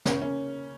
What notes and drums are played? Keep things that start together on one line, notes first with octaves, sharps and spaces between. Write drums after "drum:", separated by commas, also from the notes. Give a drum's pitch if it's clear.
C#3 C#4, drum: snare
A#3 C#4